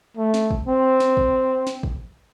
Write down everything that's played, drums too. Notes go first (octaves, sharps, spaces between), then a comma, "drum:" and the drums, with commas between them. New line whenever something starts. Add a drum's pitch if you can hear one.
A3
drum: snare
drum: kick
C4
drum: snare
drum: kick
drum: snare
drum: kick